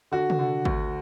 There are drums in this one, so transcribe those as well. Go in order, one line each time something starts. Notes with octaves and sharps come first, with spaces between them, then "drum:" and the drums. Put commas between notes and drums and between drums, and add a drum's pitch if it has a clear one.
D3 F#4
drum: tom
D3
D2, drum: kick G#1